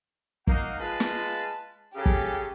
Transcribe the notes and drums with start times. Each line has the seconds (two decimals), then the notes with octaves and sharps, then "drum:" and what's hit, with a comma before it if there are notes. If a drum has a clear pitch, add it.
0.47 A#3 D#4 F#5, drum: kick
0.80 G#3 F4 B4 A5
1.00 drum: snare
1.96 C#3 G4 A4 G#5
2.06 drum: kick